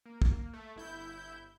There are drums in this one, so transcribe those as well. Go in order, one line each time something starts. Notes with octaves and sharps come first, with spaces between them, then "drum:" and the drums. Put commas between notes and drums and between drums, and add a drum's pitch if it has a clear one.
A#3
drum: kick
A3
G1 E4 G6